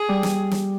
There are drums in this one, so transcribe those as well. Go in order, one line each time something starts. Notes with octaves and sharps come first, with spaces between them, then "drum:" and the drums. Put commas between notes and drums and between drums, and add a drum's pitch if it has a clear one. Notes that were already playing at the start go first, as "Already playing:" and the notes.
Already playing: G#4
G3
drum: snare
drum: snare